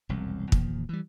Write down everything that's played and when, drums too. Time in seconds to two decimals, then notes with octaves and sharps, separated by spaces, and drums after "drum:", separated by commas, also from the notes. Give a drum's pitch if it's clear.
0.09 E1 C2 F2
0.52 E2 A#2 D#3 F3, drum: kick
0.89 E3 G3